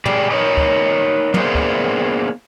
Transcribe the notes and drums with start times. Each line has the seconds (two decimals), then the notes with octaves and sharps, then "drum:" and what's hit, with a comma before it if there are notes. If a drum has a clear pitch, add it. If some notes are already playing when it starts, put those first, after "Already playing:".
0.05 G4 G#4 D5, drum: tom
0.30 D#4 A#4 B4 C#5 D#5
0.57 drum: kick
1.34 A#3 B3 D4 E4 G#4 C5, drum: tom
1.55 drum: kick